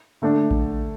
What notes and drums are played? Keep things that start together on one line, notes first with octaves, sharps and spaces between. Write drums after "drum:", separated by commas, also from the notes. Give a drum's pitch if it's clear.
D3 A3 D4
drum: kick A1